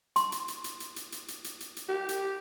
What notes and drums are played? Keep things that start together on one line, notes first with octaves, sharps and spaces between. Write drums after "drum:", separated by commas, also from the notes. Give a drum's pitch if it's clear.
C6, drum: hi-hat
drum: hi-hat
drum: hi-hat
drum: hi-hat
drum: hi-hat
drum: hi-hat
drum: hi-hat
drum: hi-hat
drum: hi-hat
drum: hi-hat
drum: hi-hat
G4
drum: hi-hat